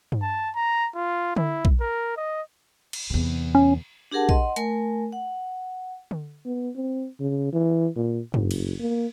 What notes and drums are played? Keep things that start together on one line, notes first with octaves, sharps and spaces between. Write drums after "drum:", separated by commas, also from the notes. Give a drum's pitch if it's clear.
drum: tom G2
A5
A#5
F4
E4, drum: tom D3
drum: kick
A#4
D#5
drum: cymbal
E2 C3
C#4
D4 G4 G#4 A#4 F#5 A5
D#5 F#5 C6, drum: kick
A3 A#4 G#5, drum: hi-hat
F#5
drum: tom D3
B3
C4
C#3
E3
A#2
F#1, drum: tom G2
drum: cymbal
A#3